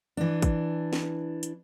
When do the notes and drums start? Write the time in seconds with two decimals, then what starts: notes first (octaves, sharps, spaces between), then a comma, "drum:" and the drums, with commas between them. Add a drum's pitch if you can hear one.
0.17 E3 D4
0.42 drum: kick, hi-hat
0.93 drum: snare
1.43 drum: hi-hat